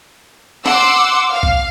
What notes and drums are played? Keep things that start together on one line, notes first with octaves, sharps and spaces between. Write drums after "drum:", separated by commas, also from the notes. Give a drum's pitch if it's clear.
F#5 C6 D6 E6, drum: snare
F5
drum: kick B1